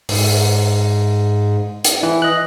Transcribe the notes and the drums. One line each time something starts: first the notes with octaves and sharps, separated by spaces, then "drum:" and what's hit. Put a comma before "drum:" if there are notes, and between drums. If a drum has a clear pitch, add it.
G#2, drum: open hi-hat
drum: hi-hat
E3
D#5 F#6